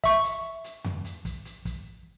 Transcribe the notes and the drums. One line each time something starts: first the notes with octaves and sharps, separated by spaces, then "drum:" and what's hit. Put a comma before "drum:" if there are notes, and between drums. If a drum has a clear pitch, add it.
E5 C#6, drum: kick, hi-hat
drum: hi-hat
drum: hi-hat
drum: tom F2
drum: hi-hat
drum: kick, hi-hat
drum: hi-hat
drum: kick, hi-hat